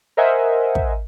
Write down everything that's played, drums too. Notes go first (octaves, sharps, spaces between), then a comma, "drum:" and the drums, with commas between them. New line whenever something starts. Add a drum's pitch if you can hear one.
A#4 C5 D#5 E5 F#5 G#5
drum: kick